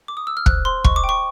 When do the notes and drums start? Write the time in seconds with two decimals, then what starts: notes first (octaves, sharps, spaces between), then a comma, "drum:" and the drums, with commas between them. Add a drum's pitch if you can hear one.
0.08 D6
0.17 D#6
0.27 E6
0.37 F6
0.46 C5 F#6, drum: kick
0.65 C5 C6
0.85 D#5 C#6, drum: kick
0.96 D6
1.04 G5
1.09 C#6